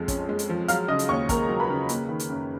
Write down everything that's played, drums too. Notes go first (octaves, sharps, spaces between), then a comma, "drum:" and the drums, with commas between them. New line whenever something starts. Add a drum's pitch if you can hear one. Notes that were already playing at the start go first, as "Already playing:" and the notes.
Already playing: F2 F3 G#3
C#4, drum: kick, hi-hat
G#3
drum: hi-hat
F3
F#3 F5 F6, drum: hi-hat
C#3 D#5 D#6
drum: hi-hat
D#2 C#5 C#6
D#2 A#4 A#5, drum: kick, hi-hat
F#3
B4 B5
C#3
A#3, drum: hi-hat
D#3
drum: hi-hat
F#2